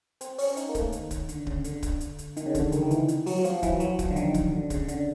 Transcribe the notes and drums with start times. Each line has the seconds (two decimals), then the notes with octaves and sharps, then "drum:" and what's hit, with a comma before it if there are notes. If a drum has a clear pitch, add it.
0.21 C4, drum: hi-hat
0.38 C#4, drum: open hi-hat
0.57 D#4, drum: hi-hat
0.69 A#3
0.75 A3, drum: kick D1, hi-hat
0.92 D#3, drum: hi-hat
1.11 drum: kick D1, hi-hat
1.29 D3, drum: hi-hat
1.47 C#3, drum: kick D1
1.64 D3, drum: hi-hat
1.83 drum: kick D1, hi-hat
2.01 drum: hi-hat
2.18 drum: hi-hat
2.37 D#3, drum: hi-hat
2.46 C#3
2.55 D3, drum: kick D1, hi-hat
2.72 D#3, drum: hi-hat
2.83 D#3
2.91 E3, drum: hi-hat
3.08 drum: hi-hat
3.26 F#3, drum: open hi-hat
3.39 F#3
3.44 F3, drum: hi-hat
3.63 E3, drum: kick D1, hi-hat
3.80 F#3, drum: hi-hat
3.99 F3, drum: kick D1, hi-hat
4.11 D3
4.16 D#3, drum: hi-hat
4.34 drum: kick D1, hi-hat
4.52 D3
4.70 C#3, drum: kick D1, hi-hat
4.88 D3, drum: hi-hat